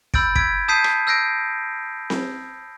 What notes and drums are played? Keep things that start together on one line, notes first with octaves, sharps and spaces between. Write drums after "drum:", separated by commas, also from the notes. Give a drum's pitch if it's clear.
B5 E6 G6 A6 D7, drum: kick
E6 G#6 B6 D7, drum: kick
A5 D#6 G6 B6 C7 D#7
drum: rim click
E6 F#6 G6 A#6 C7 D7
drum: snare C4